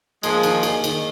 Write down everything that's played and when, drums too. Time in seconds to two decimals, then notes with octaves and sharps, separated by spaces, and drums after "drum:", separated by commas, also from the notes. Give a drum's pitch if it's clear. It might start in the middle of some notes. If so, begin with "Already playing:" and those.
0.23 F3 G#3 A#3, drum: cymbal
0.43 D#3, drum: cymbal
0.63 G#4, drum: cymbal
0.84 D#3, drum: cymbal